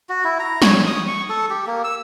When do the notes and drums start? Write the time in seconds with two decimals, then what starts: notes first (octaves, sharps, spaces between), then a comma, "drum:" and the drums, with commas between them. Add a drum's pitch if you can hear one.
0.09 F#4
0.24 E4
0.39 A#5
0.62 C#5, drum: snare
0.87 D#6
1.08 C#6
1.29 A4
1.50 G4
1.67 A#3
1.84 E6